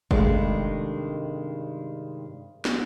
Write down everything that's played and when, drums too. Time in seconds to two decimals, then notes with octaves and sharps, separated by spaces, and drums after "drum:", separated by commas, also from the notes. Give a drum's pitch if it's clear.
0.11 G2 C3 D#3 G#3 A3, drum: kick F#1
2.65 drum: snare